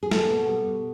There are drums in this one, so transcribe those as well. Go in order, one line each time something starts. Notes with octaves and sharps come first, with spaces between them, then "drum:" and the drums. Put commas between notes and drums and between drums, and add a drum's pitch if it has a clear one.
G#4
A#3 A4, drum: snare
B2
G3
B2